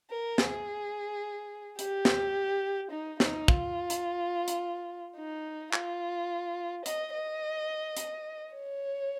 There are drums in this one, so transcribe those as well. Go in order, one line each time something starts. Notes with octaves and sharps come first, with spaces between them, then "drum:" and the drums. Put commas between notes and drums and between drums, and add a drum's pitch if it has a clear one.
A#4
G#4, drum: snare
G4, drum: hi-hat
drum: snare
D#4
D#4, drum: snare
F4, drum: kick
drum: hi-hat
drum: hi-hat
D#4
F4, drum: clap
D#5, drum: hi-hat
D#5
drum: hi-hat
C#5